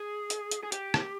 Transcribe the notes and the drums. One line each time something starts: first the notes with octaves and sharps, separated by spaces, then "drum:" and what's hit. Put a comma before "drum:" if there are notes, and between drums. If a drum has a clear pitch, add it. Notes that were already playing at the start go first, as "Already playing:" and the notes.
Already playing: G#4
drum: hi-hat
drum: hi-hat
G#4
G4, drum: hi-hat
drum: rim click